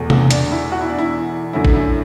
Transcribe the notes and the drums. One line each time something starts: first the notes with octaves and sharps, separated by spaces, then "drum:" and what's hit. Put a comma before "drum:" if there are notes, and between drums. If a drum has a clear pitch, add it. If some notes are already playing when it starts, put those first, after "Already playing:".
Already playing: E2 B2 A3
B3, drum: tom C3
D4, drum: hi-hat
E4
F#4
E4
D4
E4
F#2 D3 F#3 A3 E4
drum: kick A1
E4